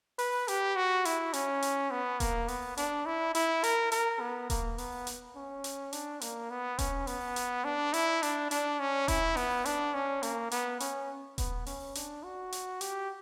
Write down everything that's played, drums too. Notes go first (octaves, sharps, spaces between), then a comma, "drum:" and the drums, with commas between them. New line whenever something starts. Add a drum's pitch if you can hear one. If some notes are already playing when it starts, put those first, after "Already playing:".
B4, drum: open hi-hat
G4, drum: hi-hat
F#4
E4, drum: hi-hat
C#4, drum: hi-hat
drum: hi-hat
B3
A#3, drum: kick D#1, hi-hat
B3, drum: open hi-hat
D4, drum: hi-hat
E4
E4, drum: hi-hat
A#4, drum: hi-hat
A#4, drum: hi-hat
B3
A#3, drum: kick D#1, hi-hat
B3, drum: open hi-hat
drum: hi-hat
C#4
drum: hi-hat
D4, drum: hi-hat
A#3, drum: hi-hat
B3
C#4, drum: kick D#1, hi-hat
B3, drum: open hi-hat
drum: hi-hat
D4
E4, drum: hi-hat
D4, drum: hi-hat
D4, drum: hi-hat
C#4
E4, drum: kick D#1, hi-hat
B3, drum: open hi-hat
D4, drum: hi-hat
C#4
A#3, drum: hi-hat
B3, drum: hi-hat
C#4, drum: hi-hat
B3, drum: kick D#1, hi-hat
C#4, drum: open hi-hat
D4, drum: hi-hat
F#4
drum: hi-hat
G4, drum: hi-hat